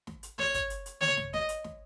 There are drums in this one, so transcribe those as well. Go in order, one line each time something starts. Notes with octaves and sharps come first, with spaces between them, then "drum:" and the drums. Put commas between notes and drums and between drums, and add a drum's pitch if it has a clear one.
drum: snare
drum: hi-hat
C#5, drum: snare
drum: kick, hi-hat
drum: hi-hat
drum: hi-hat
C#5, drum: tom C#3
drum: snare
D#5, drum: snare
drum: hi-hat
drum: snare